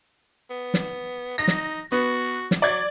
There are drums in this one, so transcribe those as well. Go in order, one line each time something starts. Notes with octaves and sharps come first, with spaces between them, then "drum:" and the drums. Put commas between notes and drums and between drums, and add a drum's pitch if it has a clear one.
B3
drum: snare
D#4 A#6
drum: snare
B3 F#4
drum: snare
F#3 D5 G#6